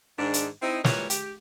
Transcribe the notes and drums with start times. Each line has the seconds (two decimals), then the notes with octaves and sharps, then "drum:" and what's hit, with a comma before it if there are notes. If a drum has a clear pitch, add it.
0.19 G#2 D#3 D4
0.34 drum: hi-hat
0.62 C4 D#4 E4
0.84 A#2 E3 G3 A#4 B4 C#5, drum: snare
1.10 G4, drum: hi-hat